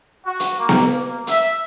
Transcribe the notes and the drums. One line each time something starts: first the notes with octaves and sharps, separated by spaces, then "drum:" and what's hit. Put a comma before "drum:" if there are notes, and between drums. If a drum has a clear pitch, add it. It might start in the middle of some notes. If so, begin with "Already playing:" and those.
F#4
drum: hi-hat
A#3
drum: snare B3
A#3
E5, drum: hi-hat